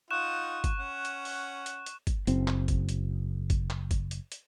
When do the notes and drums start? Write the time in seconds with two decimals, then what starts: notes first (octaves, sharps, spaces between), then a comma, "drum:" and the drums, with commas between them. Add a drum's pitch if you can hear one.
0.11 D#4 F4 F#5 C#6 F#6 E7
0.64 drum: kick G1, hi-hat
0.78 C#4 F#5
1.05 drum: hi-hat
1.25 drum: open hi-hat
1.66 drum: hi-hat
1.86 drum: hi-hat
2.07 drum: kick G1, hi-hat
2.27 F#1 C4, drum: hi-hat
2.48 drum: clap
2.68 drum: kick G1, hi-hat
2.89 drum: hi-hat
3.50 drum: kick G1, hi-hat
3.70 drum: clap
3.91 drum: kick G1, hi-hat
4.11 drum: hi-hat
4.32 drum: hi-hat